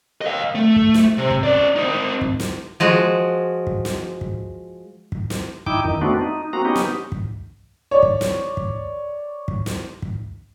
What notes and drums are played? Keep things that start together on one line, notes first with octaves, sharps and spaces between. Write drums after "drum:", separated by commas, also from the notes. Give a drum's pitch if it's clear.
D#5 F5
A3
drum: kick
drum: snare
C3
drum: kick
C#4 D5
C4 D#4
drum: kick
drum: snare
F3 G#3 F#4
drum: kick
drum: snare
drum: kick
drum: kick
drum: snare
D#4 E4 G5 D6, drum: kick
F2 D#3 D#4
A3 B3 C4 D4 F#4
D#4
A#3 C4 F#4 A#5
B3 C#4 D#4 G4
drum: snare
drum: kick
C#5 D5
drum: kick
drum: snare
drum: kick
drum: kick
drum: snare
drum: kick